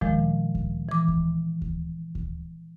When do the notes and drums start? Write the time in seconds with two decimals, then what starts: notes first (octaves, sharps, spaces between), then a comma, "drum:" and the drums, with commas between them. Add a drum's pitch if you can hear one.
0.01 A#2 D#3 F3 G#3, drum: kick D2
0.55 drum: kick D2
0.89 E3 D6
1.08 drum: kick D2
1.62 drum: kick D2
2.15 drum: kick D2